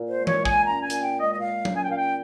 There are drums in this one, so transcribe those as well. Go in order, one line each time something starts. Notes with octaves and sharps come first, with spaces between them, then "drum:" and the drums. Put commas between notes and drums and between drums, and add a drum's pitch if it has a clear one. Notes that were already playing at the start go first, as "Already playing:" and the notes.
Already playing: A#2
C5
G#3
C#5, drum: tom E3
A#2
G#5, drum: kick
C#4 A#5
G#5
A#2, drum: hi-hat
G5
G#3
D#5
D#5
A#2 F5
C#4, drum: tom F#3
G#5
G5
A#2 F5
G5